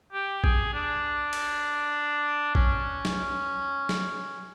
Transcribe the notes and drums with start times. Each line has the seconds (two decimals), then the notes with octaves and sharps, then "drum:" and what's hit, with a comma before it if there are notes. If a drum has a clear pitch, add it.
0.13 G4
0.44 G#4, drum: kick A#1
0.73 D4
1.33 drum: cymbal
2.55 C#4, drum: kick A#1
3.05 drum: snare
3.89 drum: snare